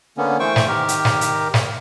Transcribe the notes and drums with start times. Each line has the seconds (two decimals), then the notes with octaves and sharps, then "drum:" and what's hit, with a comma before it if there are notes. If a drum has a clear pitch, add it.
0.18 D3 A#3 B3 C#4
0.40 E3 A3 C5 G5 C#6
0.56 drum: snare
0.68 D#3 G4 A#4
0.88 drum: hi-hat
1.05 drum: snare
1.21 drum: hi-hat
1.54 drum: snare